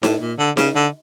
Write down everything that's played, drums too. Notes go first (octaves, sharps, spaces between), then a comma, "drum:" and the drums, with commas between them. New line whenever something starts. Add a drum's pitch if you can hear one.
A2, drum: snare D#4
A#2
D3
C#3, drum: snare D#4
D3